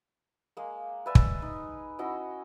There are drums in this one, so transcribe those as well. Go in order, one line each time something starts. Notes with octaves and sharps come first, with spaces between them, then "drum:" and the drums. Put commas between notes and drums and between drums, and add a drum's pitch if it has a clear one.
G#3 A#3
B4 D5 E5 G#5
drum: kick
D#4
C#4 E4 F#4 D#5